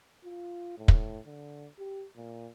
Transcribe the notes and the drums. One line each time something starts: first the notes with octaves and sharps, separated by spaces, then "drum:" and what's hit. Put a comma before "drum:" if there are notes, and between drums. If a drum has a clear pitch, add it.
F4
A2
drum: kick
D3
G4
A#2